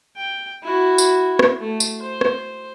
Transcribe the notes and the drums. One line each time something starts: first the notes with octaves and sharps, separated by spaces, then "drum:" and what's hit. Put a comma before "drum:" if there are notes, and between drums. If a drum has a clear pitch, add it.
G5
E4 F#4
drum: tambourine
drum: rim click
A3
drum: tambourine
C5
drum: rim click